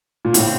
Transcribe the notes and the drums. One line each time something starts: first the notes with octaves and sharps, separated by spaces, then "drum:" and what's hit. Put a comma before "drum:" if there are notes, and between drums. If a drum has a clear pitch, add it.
A#2
A2 D3 G3 C4, drum: hi-hat